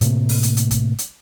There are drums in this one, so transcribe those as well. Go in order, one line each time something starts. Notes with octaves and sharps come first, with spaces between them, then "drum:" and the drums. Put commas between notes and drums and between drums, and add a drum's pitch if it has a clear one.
A2 C3 A3 A#3, drum: hi-hat
drum: open hi-hat
drum: hi-hat
drum: hi-hat
drum: kick, hi-hat
drum: hi-hat